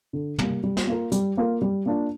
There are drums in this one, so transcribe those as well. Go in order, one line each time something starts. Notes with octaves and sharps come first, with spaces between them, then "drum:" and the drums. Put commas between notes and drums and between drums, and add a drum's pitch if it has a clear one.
D3
G3 A#3, drum: tom
G3
drum: snare
A#3 F4 A#4
G3, drum: hi-hat
A#3 F4 A#4
G3
A#3 D4 F4